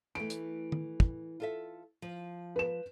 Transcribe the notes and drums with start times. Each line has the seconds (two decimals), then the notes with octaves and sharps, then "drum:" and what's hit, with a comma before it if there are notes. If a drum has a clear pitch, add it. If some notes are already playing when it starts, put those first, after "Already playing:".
0.15 E3 A3 D7
0.30 drum: hi-hat
0.72 drum: tom
1.00 drum: kick
1.40 F4 A4 E5
2.02 F3
2.56 B4 E7